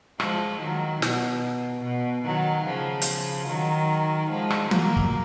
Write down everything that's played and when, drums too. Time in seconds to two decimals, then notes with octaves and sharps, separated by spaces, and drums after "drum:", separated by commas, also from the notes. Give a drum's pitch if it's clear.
0.20 F3 G#3, drum: rim click
0.61 D#3 F#3
1.02 B2, drum: snare
1.84 B2
2.25 D#3 F#3
2.66 C#3 F3
3.02 drum: hi-hat
3.48 D#3 F#3
4.30 F3 G#3
4.50 drum: rim click
4.71 F#3 A#3, drum: tom E3
4.97 drum: kick